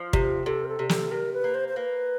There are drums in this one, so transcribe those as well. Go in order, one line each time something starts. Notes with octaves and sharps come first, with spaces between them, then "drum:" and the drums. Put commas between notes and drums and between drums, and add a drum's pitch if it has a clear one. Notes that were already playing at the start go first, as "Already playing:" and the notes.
Already playing: F3
C3, drum: kick
C3 A4
A#4
A4
C3
A4, drum: snare
C3 A#4
B4
A#3
C5
C5
A#3 B4